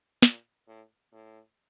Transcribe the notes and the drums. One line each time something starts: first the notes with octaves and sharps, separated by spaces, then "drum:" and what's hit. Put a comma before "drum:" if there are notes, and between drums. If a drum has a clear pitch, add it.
A#2, drum: snare
A2
A2